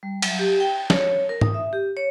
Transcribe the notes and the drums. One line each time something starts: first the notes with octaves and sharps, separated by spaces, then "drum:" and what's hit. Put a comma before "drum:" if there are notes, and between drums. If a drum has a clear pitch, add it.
G3
F#3, drum: cymbal
G4
G5
C#5, drum: snare
A#4
D#6, drum: tom
E5
G4
C#5